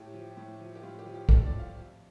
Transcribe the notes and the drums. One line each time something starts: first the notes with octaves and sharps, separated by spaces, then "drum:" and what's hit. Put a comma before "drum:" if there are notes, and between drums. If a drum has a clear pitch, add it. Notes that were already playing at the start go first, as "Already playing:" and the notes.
Already playing: A2 G4
F3
A2
F3
G4
A2 F4
G4
F3
G4
A2 A4, drum: kick
D5
F3
F5
F2